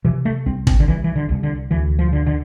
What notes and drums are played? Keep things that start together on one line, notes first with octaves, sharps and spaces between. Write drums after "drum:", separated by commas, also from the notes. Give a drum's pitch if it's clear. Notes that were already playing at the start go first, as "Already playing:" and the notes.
C3 E3
A3
C2 C4
C4, drum: kick
D3
C2 E3
E3
D3
C2
D3
D2 E3
F3
D3
D3